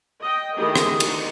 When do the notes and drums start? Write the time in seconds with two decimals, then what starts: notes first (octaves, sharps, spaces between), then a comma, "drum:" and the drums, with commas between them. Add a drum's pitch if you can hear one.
0.22 D#5 G5
0.57 D#3 A3 E4 G4 G#4 D#5
0.76 drum: rim click
1.00 D#4 F#4, drum: cymbal